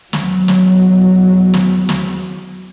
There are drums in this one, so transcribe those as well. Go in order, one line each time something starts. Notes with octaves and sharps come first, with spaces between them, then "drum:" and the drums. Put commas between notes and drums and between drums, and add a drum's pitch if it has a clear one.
E2 F#3, drum: snare
drum: snare
drum: snare
drum: snare